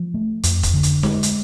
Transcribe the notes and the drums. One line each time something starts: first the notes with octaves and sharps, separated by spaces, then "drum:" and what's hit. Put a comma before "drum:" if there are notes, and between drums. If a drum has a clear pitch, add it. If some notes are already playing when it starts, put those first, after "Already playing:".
Already playing: F3
A3
F2, drum: hi-hat
drum: kick F1, hi-hat
D3
drum: hi-hat
G#3, drum: snare D#4
drum: hi-hat